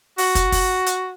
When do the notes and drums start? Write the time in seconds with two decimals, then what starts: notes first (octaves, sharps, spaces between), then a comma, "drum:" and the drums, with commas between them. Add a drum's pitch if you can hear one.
0.18 F#4, drum: open hi-hat
0.35 drum: kick, hi-hat
0.52 drum: kick, open hi-hat
0.86 drum: hi-hat